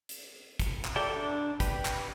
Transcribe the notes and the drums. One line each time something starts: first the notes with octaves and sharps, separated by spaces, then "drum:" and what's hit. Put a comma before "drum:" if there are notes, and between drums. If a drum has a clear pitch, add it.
drum: hi-hat
drum: kick, hi-hat
drum: clap
G4 A4 D5 E5 G5
D4
G4 B4, drum: kick, hi-hat
drum: clap